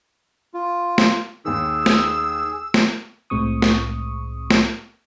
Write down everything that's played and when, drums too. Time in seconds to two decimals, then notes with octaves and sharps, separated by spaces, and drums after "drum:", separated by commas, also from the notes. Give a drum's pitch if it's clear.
0.54 F4
0.98 drum: snare
1.45 D#2 D#3 G#4 E6
1.86 drum: snare
2.74 drum: snare
3.30 C2 A2 G#3 C4 C#6 D#6
3.62 drum: snare
4.50 drum: snare